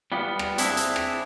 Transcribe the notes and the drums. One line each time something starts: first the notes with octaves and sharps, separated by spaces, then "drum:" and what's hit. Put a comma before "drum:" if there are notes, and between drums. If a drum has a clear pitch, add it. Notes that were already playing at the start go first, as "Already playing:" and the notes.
G3 B3 F4
drum: rim click
C4 D4 E4 G#4 E5, drum: hi-hat
drum: hi-hat
drum: rim click